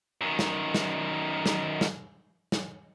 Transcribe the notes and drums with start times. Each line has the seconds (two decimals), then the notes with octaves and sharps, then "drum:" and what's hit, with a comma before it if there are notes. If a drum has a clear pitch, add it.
0.21 F#2 D#3
0.39 drum: snare
0.74 drum: snare
1.46 drum: snare
1.81 drum: snare
2.52 drum: snare